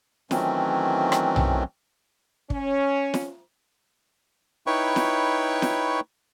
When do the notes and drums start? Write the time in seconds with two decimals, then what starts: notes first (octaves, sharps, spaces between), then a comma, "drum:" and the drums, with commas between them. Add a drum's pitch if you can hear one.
0.31 D#3 E3 F#3 A3 C4 C#4, drum: snare
1.12 drum: rim click
1.36 drum: tom B1
2.50 C#4, drum: kick
3.14 drum: snare
4.67 D#4 E4 B4 C#5 G5 C#6
4.96 drum: snare
5.62 drum: snare